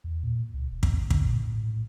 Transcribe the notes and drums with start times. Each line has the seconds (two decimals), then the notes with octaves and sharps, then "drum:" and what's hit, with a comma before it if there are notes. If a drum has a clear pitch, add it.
0.04 E2
0.23 A#2
0.54 C#2
0.71 E1
0.83 drum: kick
0.92 G#2
1.10 D3, drum: kick
1.25 A#2
1.48 A2